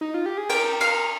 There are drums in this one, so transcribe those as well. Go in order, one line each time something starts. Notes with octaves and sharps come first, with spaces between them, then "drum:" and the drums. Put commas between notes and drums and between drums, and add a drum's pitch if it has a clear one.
D#4
F4
G4
G#4
A#4 G5, drum: cymbal
A#4 F5, drum: cymbal